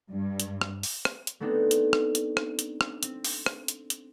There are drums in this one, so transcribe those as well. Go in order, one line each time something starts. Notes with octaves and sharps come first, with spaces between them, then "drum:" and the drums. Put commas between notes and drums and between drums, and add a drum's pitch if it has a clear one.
G2
drum: hi-hat
drum: rim click
drum: open hi-hat
drum: rim click
drum: hi-hat
A3 B3 C4 D4 D#4
drum: hi-hat
drum: rim click
drum: hi-hat
drum: rim click
drum: hi-hat
drum: rim click
C4, drum: hi-hat
drum: open hi-hat
drum: rim click
drum: hi-hat
drum: hi-hat